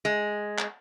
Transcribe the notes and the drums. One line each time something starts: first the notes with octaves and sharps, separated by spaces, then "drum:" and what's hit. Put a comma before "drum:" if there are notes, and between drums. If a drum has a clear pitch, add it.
G#3
drum: clap